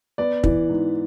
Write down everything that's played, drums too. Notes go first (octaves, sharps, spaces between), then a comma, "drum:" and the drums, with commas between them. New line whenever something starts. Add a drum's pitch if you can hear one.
B3 D5
E3, drum: kick
G#2